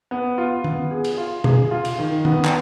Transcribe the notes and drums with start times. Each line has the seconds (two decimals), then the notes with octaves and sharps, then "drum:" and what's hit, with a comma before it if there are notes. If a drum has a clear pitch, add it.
0.11 B3
0.38 F4
0.64 B3, drum: tom
0.91 G#4
1.04 drum: cymbal
1.17 F4
1.44 G#4, drum: tom B2
1.71 F4
1.85 drum: cymbal
1.99 D#3
2.25 B3, drum: tom
2.45 drum: clap